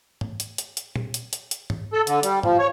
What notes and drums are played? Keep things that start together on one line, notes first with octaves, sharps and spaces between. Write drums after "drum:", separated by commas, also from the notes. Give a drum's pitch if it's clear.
drum: tom G#2
drum: hi-hat
drum: hi-hat
drum: hi-hat
drum: tom A#2
drum: hi-hat
drum: hi-hat
drum: hi-hat
drum: tom G#2
A4
D3, drum: hi-hat
G3, drum: hi-hat
F3, drum: tom G#2
C#5